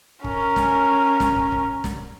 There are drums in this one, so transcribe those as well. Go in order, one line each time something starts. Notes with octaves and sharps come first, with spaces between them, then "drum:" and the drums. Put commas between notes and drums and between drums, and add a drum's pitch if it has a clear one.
C#4 A#4, drum: kick
drum: snare
drum: snare
drum: kick
drum: kick
drum: snare